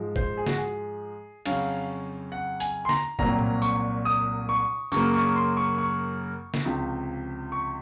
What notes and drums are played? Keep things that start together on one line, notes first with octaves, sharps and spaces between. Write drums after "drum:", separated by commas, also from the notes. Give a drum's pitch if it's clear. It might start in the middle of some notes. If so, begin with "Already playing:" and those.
Already playing: G#2 F3 G#3
C5, drum: kick F#1
G#4
F#4, drum: snare
G#4
F2 C#3 F#3 C#4 F5, drum: cymbal
F#5
G#5, drum: hi-hat
C6
A#5, drum: snare
C2 A#2 F#3 C4 A#5, drum: kick F#1
drum: tom A2
C#6, drum: tambourine
D#6
C#6
F#2 C#3 F#3 A#3 C#6, drum: tambourine
C#6
C6
C#6
C#6
drum: snare
C#2 C3 F3
C#6